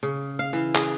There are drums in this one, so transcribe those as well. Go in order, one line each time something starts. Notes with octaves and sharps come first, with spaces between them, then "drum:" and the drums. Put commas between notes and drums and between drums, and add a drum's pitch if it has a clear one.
C#3
F5
E3
G#4, drum: clap